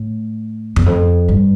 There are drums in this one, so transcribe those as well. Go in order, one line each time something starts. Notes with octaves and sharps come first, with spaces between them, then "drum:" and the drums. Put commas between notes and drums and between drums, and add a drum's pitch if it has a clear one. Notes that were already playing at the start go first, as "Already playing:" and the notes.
Already playing: A2
E2, drum: tom F2
F2
G2